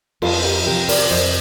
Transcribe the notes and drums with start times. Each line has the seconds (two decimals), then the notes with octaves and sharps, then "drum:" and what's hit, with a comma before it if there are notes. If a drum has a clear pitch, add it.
0.22 F2 F4 A4, drum: cymbal
0.44 G4 A#4
0.66 C3 F3 G4 A#4
0.89 A#4 D5, drum: open hi-hat
1.11 F2 C5 D#5